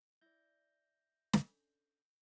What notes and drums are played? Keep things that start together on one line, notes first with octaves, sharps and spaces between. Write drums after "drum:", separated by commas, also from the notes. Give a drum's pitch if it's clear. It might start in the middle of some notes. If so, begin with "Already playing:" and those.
E4 D5 G6 A#6
D3 C#4 G#5, drum: snare